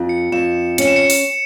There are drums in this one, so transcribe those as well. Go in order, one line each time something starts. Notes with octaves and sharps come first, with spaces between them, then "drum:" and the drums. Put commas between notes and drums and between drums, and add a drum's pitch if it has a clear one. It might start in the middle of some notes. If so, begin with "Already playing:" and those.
Already playing: F2
C#7
F2 E7
C#4 C#7, drum: hi-hat
E7
C#7
drum: open hi-hat